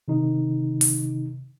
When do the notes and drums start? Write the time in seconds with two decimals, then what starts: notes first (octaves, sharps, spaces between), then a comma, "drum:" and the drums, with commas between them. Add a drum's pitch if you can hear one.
0.08 C3 D#3 D#4
0.81 drum: open hi-hat